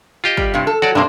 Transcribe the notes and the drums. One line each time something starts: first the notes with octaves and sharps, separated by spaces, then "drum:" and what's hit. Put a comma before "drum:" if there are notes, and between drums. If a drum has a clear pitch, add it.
F4 G4 D#5
G3, drum: kick
G2 C3
A4
F#3 F#4 D5
G2 C3 A#3 D4 C5